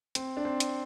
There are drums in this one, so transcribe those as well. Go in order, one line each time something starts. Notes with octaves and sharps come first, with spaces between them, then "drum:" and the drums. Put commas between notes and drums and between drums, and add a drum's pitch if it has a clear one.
C4, drum: hi-hat
D4
C4
drum: hi-hat